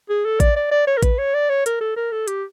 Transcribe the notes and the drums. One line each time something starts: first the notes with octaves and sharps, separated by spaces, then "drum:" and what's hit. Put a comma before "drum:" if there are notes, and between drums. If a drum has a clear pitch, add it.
G#4
A4
D5, drum: kick A1, hi-hat
D5
D5
C#5
A#4
B4, drum: kick A1, hi-hat
C#5
D5
C#5
A#4, drum: hi-hat
A4
A#4
A4
G4, drum: hi-hat